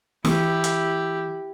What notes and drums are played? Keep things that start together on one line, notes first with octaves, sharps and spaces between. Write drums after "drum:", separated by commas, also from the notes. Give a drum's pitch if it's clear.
E3 E4 G4, drum: snare
drum: hi-hat